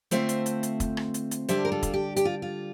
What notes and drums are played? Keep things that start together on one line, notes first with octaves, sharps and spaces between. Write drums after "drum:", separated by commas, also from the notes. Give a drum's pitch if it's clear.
D3 A3 C4 F4 C5 E5, drum: hi-hat
drum: hi-hat
drum: hi-hat
drum: hi-hat
drum: kick, hi-hat
drum: rim click
drum: hi-hat
drum: hi-hat
D3 G3 D4 C5 E5, drum: hi-hat
A#4
F4 A4
drum: kick, hi-hat
G4
G4, drum: hi-hat
F4
F4